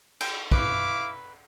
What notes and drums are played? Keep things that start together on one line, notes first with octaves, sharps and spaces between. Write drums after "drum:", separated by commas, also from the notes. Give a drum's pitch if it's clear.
G5, drum: cymbal
E4 B4 F5 C#6 D6, drum: kick